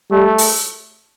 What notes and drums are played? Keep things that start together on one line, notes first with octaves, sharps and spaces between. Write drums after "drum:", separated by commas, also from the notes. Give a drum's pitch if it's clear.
G3 A3
drum: open hi-hat